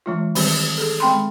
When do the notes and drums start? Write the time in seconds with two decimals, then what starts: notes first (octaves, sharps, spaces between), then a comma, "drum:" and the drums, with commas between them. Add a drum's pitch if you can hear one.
0.06 E3 G#3 F4
0.35 D#3 G3 C4 G4, drum: open hi-hat
0.77 G#4 A4
1.00 G#3 C4 G5 B5 C6